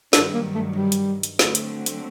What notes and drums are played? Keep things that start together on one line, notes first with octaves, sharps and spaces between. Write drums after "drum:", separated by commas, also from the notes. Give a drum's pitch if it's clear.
G2 D#3 F#3 D4, drum: snare
A#3
A3
G3
drum: hi-hat
drum: hi-hat
D3 F#3 A3 C4, drum: snare
drum: hi-hat
drum: hi-hat